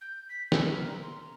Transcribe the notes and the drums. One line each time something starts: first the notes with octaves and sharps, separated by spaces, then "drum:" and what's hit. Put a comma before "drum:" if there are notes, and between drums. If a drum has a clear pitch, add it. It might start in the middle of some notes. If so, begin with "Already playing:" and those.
G6
B6
E6, drum: snare
F6
A#5
C6
A#5